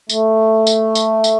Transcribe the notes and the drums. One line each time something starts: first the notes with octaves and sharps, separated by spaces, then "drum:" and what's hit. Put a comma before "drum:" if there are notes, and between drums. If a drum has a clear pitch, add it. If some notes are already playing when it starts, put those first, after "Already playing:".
A3, drum: tambourine
drum: tambourine
drum: tambourine
drum: tambourine